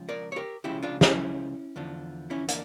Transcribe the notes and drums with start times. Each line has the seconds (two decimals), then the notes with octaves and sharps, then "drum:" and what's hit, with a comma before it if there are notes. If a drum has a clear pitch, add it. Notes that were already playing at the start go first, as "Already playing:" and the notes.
Already playing: C#2 C#3 F3
0.09 A#4 D5
0.32 C#5
0.36 G4 A#4
0.64 C#2 C#3 F3 E4 G4
0.83 D4 F4
1.01 C#4 E4, drum: snare
1.76 E2 D3 F3
2.30 C#4 E4
2.48 A#3 D4, drum: hi-hat